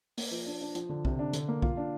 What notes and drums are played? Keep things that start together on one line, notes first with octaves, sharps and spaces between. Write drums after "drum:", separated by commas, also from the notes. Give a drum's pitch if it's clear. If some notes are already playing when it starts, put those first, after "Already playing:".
A#3, drum: open hi-hat
F3
D4
D4
F3, drum: hi-hat
D3
C3, drum: kick B1
D4
D3, drum: hi-hat
A#3
F4, drum: kick B1
D4